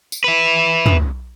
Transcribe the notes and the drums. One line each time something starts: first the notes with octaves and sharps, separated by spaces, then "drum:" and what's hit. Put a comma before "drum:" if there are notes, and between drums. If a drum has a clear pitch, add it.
drum: tambourine
B4 E5
drum: tom